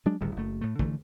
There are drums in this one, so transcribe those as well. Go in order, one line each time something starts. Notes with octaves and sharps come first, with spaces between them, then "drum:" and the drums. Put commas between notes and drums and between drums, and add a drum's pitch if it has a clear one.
F#3 G#3 D4
D1 G#1 D2 G3
F#1 A3
A2 A3
D3 E3 A3, drum: kick